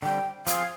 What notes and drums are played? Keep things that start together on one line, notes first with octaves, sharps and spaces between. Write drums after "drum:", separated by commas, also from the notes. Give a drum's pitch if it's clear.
D3 G3 C4 G5
F3 C4 F4 G#4 F5, drum: hi-hat